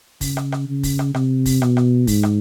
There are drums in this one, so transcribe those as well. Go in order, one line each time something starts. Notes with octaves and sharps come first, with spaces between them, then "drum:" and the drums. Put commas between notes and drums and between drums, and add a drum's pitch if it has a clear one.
C#3, drum: kick, open hi-hat
drum: rim click
drum: rim click
C#3
drum: kick, open hi-hat
drum: rim click
C3, drum: rim click
drum: kick, open hi-hat
B2, drum: rim click
drum: rim click
G#2, drum: kick, open hi-hat
drum: rim click